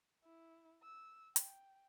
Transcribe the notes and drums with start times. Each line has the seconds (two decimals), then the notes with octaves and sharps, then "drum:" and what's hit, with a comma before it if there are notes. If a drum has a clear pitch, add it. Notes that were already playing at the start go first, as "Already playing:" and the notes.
0.24 E4
0.83 E6
1.36 G5, drum: hi-hat